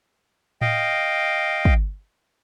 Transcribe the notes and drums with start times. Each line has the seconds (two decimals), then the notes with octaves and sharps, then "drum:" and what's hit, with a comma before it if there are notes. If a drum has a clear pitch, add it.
0.61 D#5 F5 G5, drum: tom A2
1.65 drum: kick